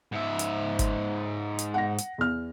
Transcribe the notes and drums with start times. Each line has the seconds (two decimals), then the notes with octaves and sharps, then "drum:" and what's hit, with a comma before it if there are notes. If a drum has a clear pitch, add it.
0.12 G#2 E5
0.39 drum: hi-hat
0.79 drum: kick G1, hi-hat
1.59 drum: hi-hat
1.74 F#5 A#6
1.98 drum: hi-hat
2.18 E2 F6